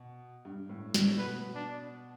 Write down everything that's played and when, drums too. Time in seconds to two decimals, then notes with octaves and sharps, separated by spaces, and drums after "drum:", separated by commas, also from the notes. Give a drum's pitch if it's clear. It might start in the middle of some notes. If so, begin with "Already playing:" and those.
Already playing: B2
0.45 G2
0.69 A2
0.94 A2, drum: snare
1.18 B2 B4
1.55 D4